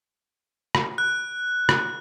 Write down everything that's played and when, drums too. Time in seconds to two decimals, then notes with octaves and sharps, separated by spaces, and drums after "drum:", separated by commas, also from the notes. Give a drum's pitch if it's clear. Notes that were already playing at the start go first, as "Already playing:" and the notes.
0.75 drum: rim click
0.98 F#6
1.69 drum: rim click